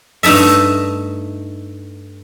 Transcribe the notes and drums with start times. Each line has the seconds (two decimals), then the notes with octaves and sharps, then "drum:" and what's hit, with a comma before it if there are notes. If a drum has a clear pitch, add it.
0.23 G2 A3 D#4 A4 E5, drum: open hi-hat